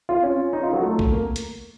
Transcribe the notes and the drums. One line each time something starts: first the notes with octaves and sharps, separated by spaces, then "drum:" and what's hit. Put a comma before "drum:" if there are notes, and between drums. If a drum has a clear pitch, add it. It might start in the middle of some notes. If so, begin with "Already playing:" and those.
F4
C#4
D#4
F4
F#3
A3
drum: kick A#1
A#3
drum: hi-hat